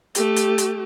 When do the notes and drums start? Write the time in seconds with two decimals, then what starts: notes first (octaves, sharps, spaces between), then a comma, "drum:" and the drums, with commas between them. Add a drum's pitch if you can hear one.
0.15 A3 G4, drum: hi-hat
0.37 drum: hi-hat
0.58 drum: hi-hat